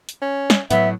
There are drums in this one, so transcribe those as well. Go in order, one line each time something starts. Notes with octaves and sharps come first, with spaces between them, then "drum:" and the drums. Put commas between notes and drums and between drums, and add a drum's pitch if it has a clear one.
drum: hi-hat
C#4
drum: snare
A2 F#3 B3 E5, drum: hi-hat